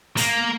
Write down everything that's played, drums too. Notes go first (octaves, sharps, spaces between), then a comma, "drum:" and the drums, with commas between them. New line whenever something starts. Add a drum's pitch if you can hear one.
A#3, drum: hi-hat